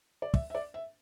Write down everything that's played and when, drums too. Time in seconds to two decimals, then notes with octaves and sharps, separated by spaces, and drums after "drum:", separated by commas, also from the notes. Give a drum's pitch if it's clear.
0.22 D5
0.34 E5, drum: kick
0.50 E5
0.55 D5
0.74 E5